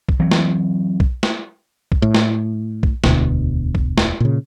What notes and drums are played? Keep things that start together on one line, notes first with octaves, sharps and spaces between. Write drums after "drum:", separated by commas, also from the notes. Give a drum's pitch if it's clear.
drum: kick B1
E3 F#3 C4
drum: snare
drum: kick B1
drum: snare
drum: kick B1
A2
drum: snare
drum: kick B1
E1 D2 B2, drum: snare
drum: kick B1
drum: snare
A#2 C#3